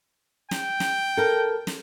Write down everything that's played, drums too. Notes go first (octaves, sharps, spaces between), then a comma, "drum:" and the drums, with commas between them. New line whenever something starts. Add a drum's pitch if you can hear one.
G5, drum: snare
drum: snare
A4 A#4
drum: snare